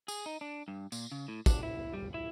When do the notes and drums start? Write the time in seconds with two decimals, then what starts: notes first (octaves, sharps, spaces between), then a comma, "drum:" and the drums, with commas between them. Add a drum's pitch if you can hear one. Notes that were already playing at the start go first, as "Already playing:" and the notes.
0.08 G#4, drum: tambourine
0.26 D#4
0.41 D4
0.68 G2
0.92 A#2, drum: tambourine
1.12 C#3
1.28 A2
1.46 D4, drum: kick, tambourine
1.63 E4
1.94 G3
2.14 E4